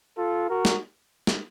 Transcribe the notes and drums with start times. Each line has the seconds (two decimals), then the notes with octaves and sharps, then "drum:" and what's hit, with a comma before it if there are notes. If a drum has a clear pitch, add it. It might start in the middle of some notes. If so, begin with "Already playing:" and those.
0.18 F4 A4
0.49 F#4 A#4
0.65 drum: snare
1.27 drum: snare